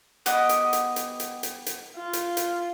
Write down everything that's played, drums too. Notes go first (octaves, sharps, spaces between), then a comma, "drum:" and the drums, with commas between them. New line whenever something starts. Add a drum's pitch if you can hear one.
B3 G4 D#5, drum: hi-hat
drum: hi-hat
drum: hi-hat
drum: hi-hat
drum: hi-hat
drum: hi-hat
drum: hi-hat
F4
drum: hi-hat
drum: hi-hat